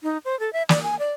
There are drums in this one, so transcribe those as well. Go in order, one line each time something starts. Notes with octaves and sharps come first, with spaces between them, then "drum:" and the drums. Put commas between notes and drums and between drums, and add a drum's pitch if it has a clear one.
D#4
C5
A4
E5
D5, drum: snare
G#5
D5